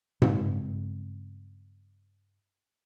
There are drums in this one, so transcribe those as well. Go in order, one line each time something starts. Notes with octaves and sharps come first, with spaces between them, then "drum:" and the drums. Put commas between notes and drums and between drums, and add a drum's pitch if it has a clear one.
G2 C#3 G#3 C4, drum: tom G#2